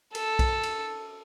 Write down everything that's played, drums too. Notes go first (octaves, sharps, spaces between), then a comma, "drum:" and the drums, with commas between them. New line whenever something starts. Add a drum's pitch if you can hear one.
A4, drum: cymbal
drum: kick B1, cymbal
drum: cymbal